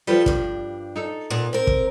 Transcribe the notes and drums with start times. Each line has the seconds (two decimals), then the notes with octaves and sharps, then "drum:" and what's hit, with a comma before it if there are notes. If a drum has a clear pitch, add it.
0.07 F3 G3 F4 A4 B4
0.26 G2 D4, drum: kick
0.96 D#4 A4
1.30 A#2 B3
1.53 C4 A#4
1.67 drum: kick